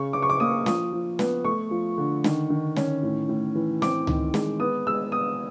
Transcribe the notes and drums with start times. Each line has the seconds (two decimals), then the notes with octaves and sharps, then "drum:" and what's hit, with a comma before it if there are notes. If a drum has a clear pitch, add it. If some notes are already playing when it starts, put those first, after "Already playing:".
Already playing: C#3 C#6
0.13 C#3 D6
0.22 C#6
0.30 D6
0.40 A#3 D#6
0.66 F3 D#6, drum: snare
0.92 F3
1.19 B3, drum: snare
1.45 A3 C#6
1.71 F3
1.98 D3
2.24 D#3, drum: snare
2.50 D#3
2.76 C#4, drum: snare
3.03 A2
3.29 A2
3.55 E3
3.82 C4 D6, drum: snare
4.07 D#3, drum: tom C#2
4.34 G#3, drum: snare
4.60 B3 D#6
4.87 G#3 E6
5.12 B3 D#6